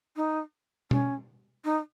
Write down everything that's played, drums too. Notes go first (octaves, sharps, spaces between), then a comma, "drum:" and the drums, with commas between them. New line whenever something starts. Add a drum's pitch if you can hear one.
D#4
C#4, drum: tom B2
D#4